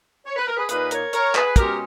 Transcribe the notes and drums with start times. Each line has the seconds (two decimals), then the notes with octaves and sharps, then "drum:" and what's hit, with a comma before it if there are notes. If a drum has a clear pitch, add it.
0.26 C#5
0.36 B4
0.46 A#4
0.57 G#4 B4
0.69 A#2 A#3 D#4 G#4 B4, drum: hi-hat
0.91 A#4 C#5, drum: hi-hat
1.13 A#4 C#5, drum: hi-hat
1.35 G#4 B4, drum: clap
1.56 B2 G#3 C#4 G4 A#4, drum: kick, hi-hat